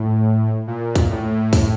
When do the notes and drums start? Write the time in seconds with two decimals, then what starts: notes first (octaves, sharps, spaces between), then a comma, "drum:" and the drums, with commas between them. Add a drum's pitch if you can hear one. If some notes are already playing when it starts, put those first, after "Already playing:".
Already playing: A2
0.67 A#2
0.96 drum: kick, hi-hat
1.10 A2
1.53 drum: kick, open hi-hat